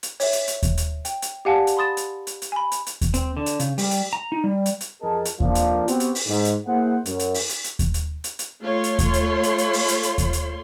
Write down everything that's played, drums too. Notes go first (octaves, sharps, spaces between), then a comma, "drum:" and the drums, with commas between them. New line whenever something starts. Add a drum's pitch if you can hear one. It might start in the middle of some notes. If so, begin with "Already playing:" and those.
drum: hi-hat
C#5 E5, drum: open hi-hat
drum: hi-hat
drum: hi-hat
drum: kick D#2, hi-hat
drum: hi-hat
G5, drum: hi-hat
drum: hi-hat
G4 D5 F5 F#5 G#5 A5
drum: hi-hat
B5 C6 D#6 A6 E7
drum: hi-hat
drum: hi-hat
drum: hi-hat
G#5 B5
drum: hi-hat
drum: hi-hat
drum: kick D#2, hi-hat
C4, drum: hi-hat
D3
drum: hi-hat
C#3, drum: hi-hat
G3, drum: open hi-hat
drum: hi-hat
A#5
D#4
G3
drum: hi-hat
drum: hi-hat
F2 C4 G#4 A#4 D#5 A5
drum: hi-hat
F2 A#2 F3 A#3 D4 F4, drum: kick D#2
drum: hi-hat
B3 C4 F#4 G4, drum: hi-hat
drum: hi-hat
drum: open hi-hat
G#2
drum: hi-hat
A#3 E4 G#4 C5 F#5
F#2, drum: hi-hat
drum: hi-hat
drum: open hi-hat
drum: hi-hat
drum: hi-hat
drum: kick D#2, hi-hat
drum: hi-hat
drum: hi-hat
drum: hi-hat
A3 F4 C#5 C6
drum: hi-hat
drum: kick D#2, hi-hat
drum: hi-hat
drum: hi-hat
drum: hi-hat
drum: open hi-hat
drum: hi-hat
drum: hi-hat
drum: kick D#2, hi-hat
drum: hi-hat